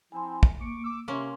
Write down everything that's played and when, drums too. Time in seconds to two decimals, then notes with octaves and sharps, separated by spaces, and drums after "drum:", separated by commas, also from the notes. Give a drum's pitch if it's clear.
0.12 F3 C4 E4 G#5 C6
0.43 drum: kick
0.61 A#3 C#6 D6
0.85 D6 E6
1.08 C3 A#3 C#4 C6 C#6